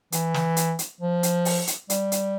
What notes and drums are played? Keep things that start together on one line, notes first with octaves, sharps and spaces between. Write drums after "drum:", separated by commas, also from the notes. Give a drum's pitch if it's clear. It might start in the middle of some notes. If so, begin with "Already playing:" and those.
E3, drum: hi-hat
drum: snare
drum: hi-hat
drum: hi-hat
F3
drum: hi-hat
drum: open hi-hat
drum: hi-hat
G3, drum: hi-hat
drum: hi-hat